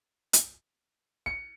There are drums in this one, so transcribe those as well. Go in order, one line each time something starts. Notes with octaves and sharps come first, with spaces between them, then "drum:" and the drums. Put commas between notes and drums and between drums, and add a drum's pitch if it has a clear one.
drum: hi-hat
C#7